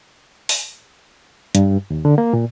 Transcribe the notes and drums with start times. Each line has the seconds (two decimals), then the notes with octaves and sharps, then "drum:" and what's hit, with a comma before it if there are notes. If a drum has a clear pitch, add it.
0.49 drum: open hi-hat
1.55 G2, drum: hi-hat
1.90 D#2
2.05 D3
2.18 A#3
2.33 A#2